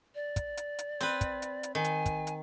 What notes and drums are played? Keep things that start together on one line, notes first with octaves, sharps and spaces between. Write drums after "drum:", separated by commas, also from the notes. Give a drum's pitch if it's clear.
D5
drum: kick, hi-hat
drum: hi-hat
drum: hi-hat
C4 B4, drum: hi-hat
drum: kick, hi-hat
drum: hi-hat
drum: hi-hat
D#3 G#5
drum: hi-hat
drum: kick, hi-hat
drum: hi-hat